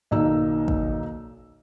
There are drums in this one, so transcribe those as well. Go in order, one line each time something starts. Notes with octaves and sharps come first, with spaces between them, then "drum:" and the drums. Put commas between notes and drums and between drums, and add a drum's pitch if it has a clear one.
B1 D#3 A#3 D#4 D5 E6
drum: kick